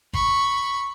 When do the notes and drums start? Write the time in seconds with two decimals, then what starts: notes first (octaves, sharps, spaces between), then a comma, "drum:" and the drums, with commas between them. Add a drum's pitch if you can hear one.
0.13 B5 C#6, drum: kick